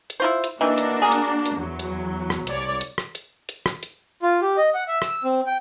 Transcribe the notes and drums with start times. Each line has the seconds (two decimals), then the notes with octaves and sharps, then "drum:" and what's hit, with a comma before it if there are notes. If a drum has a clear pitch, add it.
0.10 drum: hi-hat
0.20 E4 F4 C5
0.44 drum: hi-hat
0.61 D#3 E3 A#3 D4 F#4
0.78 drum: hi-hat
1.02 G#4 A#4
1.12 drum: hi-hat
1.45 drum: hi-hat
1.57 E2 F#3
1.79 drum: hi-hat
2.30 drum: rim click
2.47 C2 C#5 D5, drum: hi-hat
2.81 drum: hi-hat
2.98 drum: rim click
3.15 drum: hi-hat
3.49 drum: hi-hat
3.66 drum: rim click
3.83 drum: hi-hat
4.23 F4
4.42 G4
4.57 D#5
4.74 F#5
4.88 E5
5.02 E6, drum: rim click
5.24 C4
5.47 G5